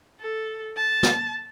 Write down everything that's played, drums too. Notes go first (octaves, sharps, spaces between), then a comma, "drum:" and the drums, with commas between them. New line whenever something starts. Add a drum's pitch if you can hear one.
A4
A5
drum: snare